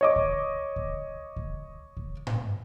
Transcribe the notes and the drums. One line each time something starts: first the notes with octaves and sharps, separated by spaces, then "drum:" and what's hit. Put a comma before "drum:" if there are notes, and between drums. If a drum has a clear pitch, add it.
C#5 D#5 D6
drum: kick C#2
drum: kick C#2
drum: kick C#2
drum: kick C#2
drum: tom G#2